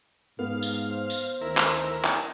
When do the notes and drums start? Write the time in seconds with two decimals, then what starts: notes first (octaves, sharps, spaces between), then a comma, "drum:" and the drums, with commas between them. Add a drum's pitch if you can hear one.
0.39 G#2 B3 F5
0.63 drum: tambourine
0.90 C5
1.10 drum: tambourine
1.41 D2 D#3 E4 A#4
1.57 drum: clap
2.05 drum: clap